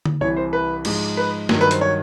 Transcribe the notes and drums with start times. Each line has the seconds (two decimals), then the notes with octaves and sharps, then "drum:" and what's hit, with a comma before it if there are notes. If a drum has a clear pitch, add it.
0.06 drum: tom D3
0.21 C2 C3 E3 C#5
0.36 C5
0.53 B4
0.85 G#2 F3 G#3, drum: cymbal
1.17 B4
1.49 G2 D#3 F#3, drum: snare
1.61 B4
1.71 C5, drum: hi-hat
1.81 C#5